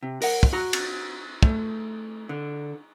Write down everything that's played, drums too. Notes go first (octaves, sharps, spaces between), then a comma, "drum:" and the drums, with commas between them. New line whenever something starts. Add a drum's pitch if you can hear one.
C3
A#4 F#5, drum: open hi-hat
drum: kick
F#4 A#5
drum: cymbal
A3, drum: kick
D3